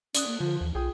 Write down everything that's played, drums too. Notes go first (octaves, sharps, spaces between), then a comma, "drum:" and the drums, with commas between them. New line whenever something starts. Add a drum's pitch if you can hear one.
C#4 D5 D#6 F#6, drum: hi-hat
A#3
D3 F3 F4
D#2 E3
B1 F4 G#4 G5 D#6